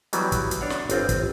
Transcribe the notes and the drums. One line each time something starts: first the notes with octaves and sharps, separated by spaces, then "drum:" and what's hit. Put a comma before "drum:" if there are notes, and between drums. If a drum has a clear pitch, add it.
E3 F#3 G3 B3, drum: hi-hat
drum: kick, hi-hat
drum: hi-hat
D4 C#5 F#5
drum: snare
G1 C4 F4, drum: hi-hat
drum: kick, hi-hat